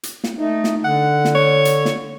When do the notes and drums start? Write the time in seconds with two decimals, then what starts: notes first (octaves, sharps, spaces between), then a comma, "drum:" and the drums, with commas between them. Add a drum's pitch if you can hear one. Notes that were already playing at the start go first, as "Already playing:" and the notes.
0.03 drum: hi-hat
0.24 drum: snare
0.39 A3 D#4
0.64 drum: snare
0.84 D3 F#5
1.25 drum: snare
1.35 C#5
1.65 drum: hi-hat
1.85 drum: snare